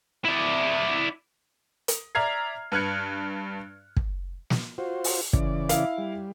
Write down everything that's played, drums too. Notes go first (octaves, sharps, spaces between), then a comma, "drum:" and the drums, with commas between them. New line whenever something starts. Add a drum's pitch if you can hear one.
E4 D5
drum: hi-hat
D5 E5 A#5 F6 G#6 C7
G2 B4 F6 F#6 G#6 C#7
drum: kick
drum: snare
F4 F#4 C5
drum: open hi-hat
C#3 E3 D5, drum: kick
E4 F5, drum: hi-hat
G3